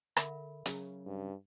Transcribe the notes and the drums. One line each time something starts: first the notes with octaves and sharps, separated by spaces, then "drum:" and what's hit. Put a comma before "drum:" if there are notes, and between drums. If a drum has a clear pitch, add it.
D3 A#4 E5 B5, drum: rim click
C#3 F#3, drum: hi-hat
G2